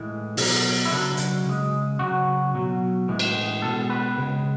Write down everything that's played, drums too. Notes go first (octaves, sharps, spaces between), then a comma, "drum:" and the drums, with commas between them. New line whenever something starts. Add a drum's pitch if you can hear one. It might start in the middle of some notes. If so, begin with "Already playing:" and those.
Already playing: A2 E3 G#3
B2 F#3, drum: open hi-hat
E4
C#3 F#3 D4
drum: hi-hat
C#3 G#3
C#3 F#3 F#4
B2 F#3
A2 E3 G#3
drum: cymbal
B2 G#3 A4
B4
C#3 G#3